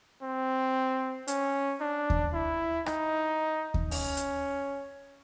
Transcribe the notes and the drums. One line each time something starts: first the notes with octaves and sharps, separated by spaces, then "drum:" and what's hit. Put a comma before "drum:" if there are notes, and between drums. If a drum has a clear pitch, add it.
C4
C#4, drum: hi-hat
D4
drum: kick D#2
E4
D#4, drum: rim click
drum: kick D#2
C#4, drum: open hi-hat
drum: hi-hat